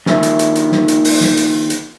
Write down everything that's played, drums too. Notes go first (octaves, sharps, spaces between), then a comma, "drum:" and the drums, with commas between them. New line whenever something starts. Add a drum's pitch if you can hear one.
D#2 D#3 F3 E5, drum: snare
drum: hi-hat
drum: hi-hat
drum: hi-hat
drum: snare
drum: hi-hat
drum: open hi-hat
drum: snare
drum: hi-hat
drum: hi-hat